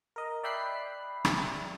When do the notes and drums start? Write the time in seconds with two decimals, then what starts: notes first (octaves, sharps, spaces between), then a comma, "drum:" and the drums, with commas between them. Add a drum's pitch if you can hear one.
0.16 A#4 D#5
0.43 D5 E5 G5 B5 F#6 C7
1.25 drum: rim click